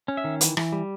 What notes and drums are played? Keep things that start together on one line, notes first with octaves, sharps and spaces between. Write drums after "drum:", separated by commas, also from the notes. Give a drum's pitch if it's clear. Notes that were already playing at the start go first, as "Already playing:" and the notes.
C#4
E5
D#3
E3, drum: hi-hat
E3, drum: rim click
G3